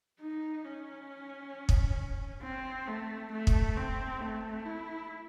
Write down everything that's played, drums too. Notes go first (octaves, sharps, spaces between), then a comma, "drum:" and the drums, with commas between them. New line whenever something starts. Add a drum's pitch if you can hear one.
D#4
C#4
drum: kick
C4
A3
A3
drum: kick
C4
A3
E4